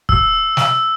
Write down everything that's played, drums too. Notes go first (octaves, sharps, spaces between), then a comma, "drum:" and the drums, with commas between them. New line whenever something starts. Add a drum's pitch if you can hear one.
E6, drum: kick
drum: snare